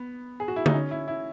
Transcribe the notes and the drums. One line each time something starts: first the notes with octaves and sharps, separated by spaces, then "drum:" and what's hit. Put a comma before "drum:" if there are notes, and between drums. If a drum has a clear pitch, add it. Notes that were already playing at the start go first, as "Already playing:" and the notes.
Already playing: B3
G#4
F#4
E4
D#4, drum: tom
C#4
E4
E4